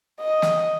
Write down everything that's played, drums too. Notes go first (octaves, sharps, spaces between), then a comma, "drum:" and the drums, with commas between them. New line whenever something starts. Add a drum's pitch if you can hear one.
D#5
drum: snare